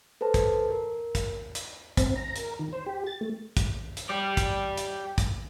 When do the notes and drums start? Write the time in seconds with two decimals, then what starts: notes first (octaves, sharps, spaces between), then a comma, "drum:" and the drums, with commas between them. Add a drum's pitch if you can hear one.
0.21 A4 B4 C5 A5
0.34 drum: kick, hi-hat
0.71 A#4
1.15 drum: kick, hi-hat
1.55 drum: hi-hat
1.97 C4, drum: kick, hi-hat
2.16 A#5
2.36 A#4, drum: hi-hat
2.59 D#3
2.73 C5
2.86 G4
3.07 A6
3.21 A3
3.57 drum: kick, hi-hat
3.97 drum: hi-hat
4.10 G4 D5
4.37 drum: kick, hi-hat
4.77 drum: hi-hat
5.18 drum: kick, hi-hat